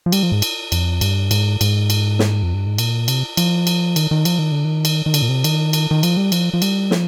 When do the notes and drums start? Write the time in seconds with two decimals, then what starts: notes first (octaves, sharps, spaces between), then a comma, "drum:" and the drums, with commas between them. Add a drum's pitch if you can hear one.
0.06 F3
0.12 G3, drum: cymbal
0.23 F3
0.32 G#2
0.42 drum: cymbal
0.72 F2, drum: cymbal
1.01 G2, drum: cymbal
1.31 G#2, drum: cymbal
1.61 G#2, drum: cymbal
1.90 drum: cymbal
2.19 drum: snare
2.43 F2
2.54 G2
2.67 G#2
2.78 A#2, drum: cymbal
3.08 C3, drum: cymbal
3.37 F3, drum: cymbal
3.67 drum: cymbal
3.96 D#3, drum: cymbal
4.11 D#3
4.25 F3, drum: cymbal
4.39 D#3
4.51 D3
4.65 D#3
4.85 drum: cymbal
5.06 D#3
5.14 D3, drum: cymbal
5.22 A#2
5.29 C3
5.44 D#3, drum: cymbal
5.73 drum: cymbal
5.91 D#3
6.03 F3, drum: cymbal
6.17 G3
6.32 F3, drum: cymbal
6.54 F3
6.62 G3, drum: cymbal
6.91 F3, drum: snare